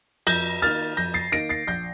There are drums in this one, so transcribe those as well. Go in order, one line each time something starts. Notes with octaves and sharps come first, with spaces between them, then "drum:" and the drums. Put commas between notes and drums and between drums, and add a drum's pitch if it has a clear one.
F2 G6 A#6, drum: cymbal
D#3 A#3 D#4 F6 A6
F2 G6 A#6
A6 C7
D#3 A#3 D#4 A#6 D7
A6 C7
A#1 G6 A#6